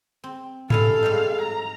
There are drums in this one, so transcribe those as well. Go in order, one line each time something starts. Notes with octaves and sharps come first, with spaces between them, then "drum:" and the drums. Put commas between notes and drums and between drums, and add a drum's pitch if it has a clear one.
C4
G2 E3 E4 A4 F5, drum: tom G#2
G#2 G3 D#4
A#5